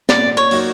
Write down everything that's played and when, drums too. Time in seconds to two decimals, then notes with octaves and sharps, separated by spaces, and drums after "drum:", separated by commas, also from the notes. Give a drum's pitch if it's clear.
0.09 A#2 D5, drum: snare
0.37 C#5
0.51 F#3 A#3 D#4 F#4, drum: open hi-hat